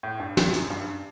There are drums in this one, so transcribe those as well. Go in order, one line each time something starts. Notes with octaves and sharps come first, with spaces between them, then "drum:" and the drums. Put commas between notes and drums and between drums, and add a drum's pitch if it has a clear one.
A2
G2
G2, drum: snare
F#2, drum: hi-hat
G2